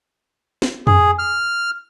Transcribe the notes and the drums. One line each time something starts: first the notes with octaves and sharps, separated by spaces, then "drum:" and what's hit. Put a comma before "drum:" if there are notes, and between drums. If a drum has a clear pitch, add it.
drum: snare
G#4, drum: tom F2
F6